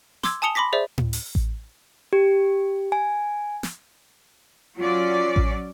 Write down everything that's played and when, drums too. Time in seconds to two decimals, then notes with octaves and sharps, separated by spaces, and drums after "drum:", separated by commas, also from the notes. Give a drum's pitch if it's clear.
0.23 C6 D6 E6 G#6, drum: snare
0.42 G#5 A5 D#6 C#7 F7 G7
0.55 B5 C6 D6 A#6 B6
0.73 G#4 C5 D5 E5
0.98 drum: tom A2
1.13 drum: open hi-hat
1.35 drum: kick A1
2.13 G4
2.92 G#5
3.63 drum: snare
4.77 F#3 C#4 F4 D5
5.36 drum: kick A1